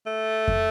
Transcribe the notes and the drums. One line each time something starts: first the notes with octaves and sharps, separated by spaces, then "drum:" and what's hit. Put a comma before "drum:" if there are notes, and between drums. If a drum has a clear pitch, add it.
A3
drum: kick F2